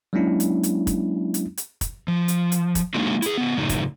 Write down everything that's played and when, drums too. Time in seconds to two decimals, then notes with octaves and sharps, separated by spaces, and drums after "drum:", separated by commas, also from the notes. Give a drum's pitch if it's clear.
0.13 F#3 G#3 A#3 C#4 D4 E4
0.40 drum: hi-hat
0.63 drum: hi-hat
0.87 drum: kick, hi-hat
1.34 drum: hi-hat
1.58 drum: hi-hat
1.81 drum: kick, hi-hat
2.08 F3
2.28 drum: hi-hat
2.52 drum: hi-hat
2.75 drum: kick, hi-hat
2.94 F#3 G#3 A#3 D4 D#4 F#4
3.22 E4 G#4, drum: hi-hat
3.38 C#3 B3
3.57 F#2 A2 C#3 D#4
3.69 drum: kick, hi-hat